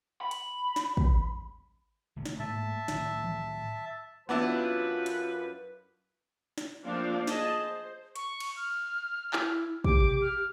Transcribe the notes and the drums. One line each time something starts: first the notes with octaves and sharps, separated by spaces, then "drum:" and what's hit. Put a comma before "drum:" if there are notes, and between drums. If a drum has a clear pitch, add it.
B5
drum: hi-hat
drum: snare
drum: kick
D#1 A2 C#3
drum: snare
G#2 A3 A#3 E5 A5
A2 D#3 F#3, drum: snare
drum: tom E3
F#2 B3 D4 E4 F4 B4
drum: hi-hat
drum: snare
F3 A3 A#3 C4 D4 F5
G#4 D#5 A5, drum: snare
C5
C#6, drum: hi-hat
drum: cymbal
F6
E4, drum: clap
G4 D6, drum: kick
drum: tom B2
F6